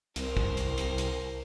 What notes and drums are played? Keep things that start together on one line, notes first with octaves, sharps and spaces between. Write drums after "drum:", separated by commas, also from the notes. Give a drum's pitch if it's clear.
C2 A#4 C5, drum: hi-hat
drum: kick
drum: hi-hat
drum: hi-hat
drum: hi-hat